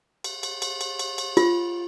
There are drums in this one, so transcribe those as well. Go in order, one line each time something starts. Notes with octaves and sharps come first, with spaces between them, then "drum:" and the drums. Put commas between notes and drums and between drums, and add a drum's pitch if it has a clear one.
drum: cymbal
drum: cymbal
drum: cymbal
drum: cymbal
drum: cymbal
drum: cymbal
F4, drum: cymbal